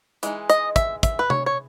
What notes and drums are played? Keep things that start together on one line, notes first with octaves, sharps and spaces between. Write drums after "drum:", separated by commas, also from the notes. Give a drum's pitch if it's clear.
E3 G#3 D#4, drum: hi-hat
D#5, drum: hi-hat
E5, drum: kick, hi-hat
E5, drum: kick, hi-hat
B4
C#5, drum: tom C3
C#5